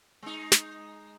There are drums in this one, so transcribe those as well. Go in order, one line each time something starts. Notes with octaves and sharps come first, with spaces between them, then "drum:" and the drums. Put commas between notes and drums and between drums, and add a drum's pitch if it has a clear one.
G#3 D#4
drum: snare